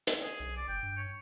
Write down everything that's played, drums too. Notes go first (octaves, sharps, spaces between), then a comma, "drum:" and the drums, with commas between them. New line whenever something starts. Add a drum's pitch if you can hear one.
drum: hi-hat
G#4
B1
D5
G1 G5
G2
C#5